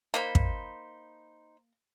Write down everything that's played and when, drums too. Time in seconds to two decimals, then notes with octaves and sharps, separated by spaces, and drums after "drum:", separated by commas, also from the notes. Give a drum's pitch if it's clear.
0.14 A#3 D#4 C5 B5
0.35 drum: kick